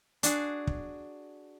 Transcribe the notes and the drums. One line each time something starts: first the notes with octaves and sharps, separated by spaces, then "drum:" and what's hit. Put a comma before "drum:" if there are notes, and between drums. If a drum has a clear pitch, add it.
D4 F#4 G#4, drum: hi-hat
drum: kick